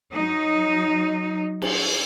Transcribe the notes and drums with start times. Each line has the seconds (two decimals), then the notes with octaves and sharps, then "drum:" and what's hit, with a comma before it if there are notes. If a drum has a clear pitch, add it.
0.13 F#3 D#4
1.62 drum: cymbal